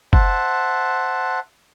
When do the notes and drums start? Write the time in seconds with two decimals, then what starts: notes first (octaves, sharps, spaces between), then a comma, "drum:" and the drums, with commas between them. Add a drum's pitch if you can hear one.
0.13 C5 E5 F#5 A5, drum: kick F#1